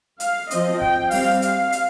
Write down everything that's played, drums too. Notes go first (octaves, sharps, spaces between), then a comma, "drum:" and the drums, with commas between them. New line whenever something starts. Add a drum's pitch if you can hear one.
F5, drum: hi-hat
F3 C4 D#5, drum: hi-hat
G5, drum: kick
G3 C4 F5, drum: open hi-hat
F5, drum: hi-hat
drum: hi-hat